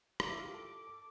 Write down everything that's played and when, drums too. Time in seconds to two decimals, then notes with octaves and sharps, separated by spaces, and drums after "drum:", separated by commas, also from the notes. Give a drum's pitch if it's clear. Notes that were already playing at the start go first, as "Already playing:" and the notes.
0.20 D6, drum: rim click
0.31 E4
0.39 F4
0.45 G4
0.54 A4
0.87 A4